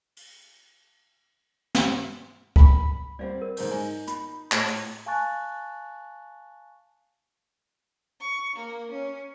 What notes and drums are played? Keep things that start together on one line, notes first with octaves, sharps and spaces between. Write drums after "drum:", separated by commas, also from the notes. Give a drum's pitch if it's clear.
drum: open hi-hat
drum: snare
B5, drum: kick C#2
G3 C4 D5 F5 F#5
A#4
G#2 C5 G6, drum: open hi-hat
D#4 G#5
B5, drum: hi-hat
A2, drum: clap
drum: open hi-hat
F5 G#5 A5 C#6 F#6 A6
C#6
A#3
C#4